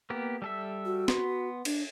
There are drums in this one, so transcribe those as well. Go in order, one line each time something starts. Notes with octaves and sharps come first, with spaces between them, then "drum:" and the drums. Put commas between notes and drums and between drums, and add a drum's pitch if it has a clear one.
A#3 B3 G4
G3 A4 E5
F#4
B3 C6, drum: snare
D4, drum: cymbal